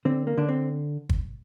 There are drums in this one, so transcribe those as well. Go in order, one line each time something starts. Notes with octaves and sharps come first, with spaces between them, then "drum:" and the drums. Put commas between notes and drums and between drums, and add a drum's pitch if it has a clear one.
D3 C4
A#3
D3 D4
C4
drum: kick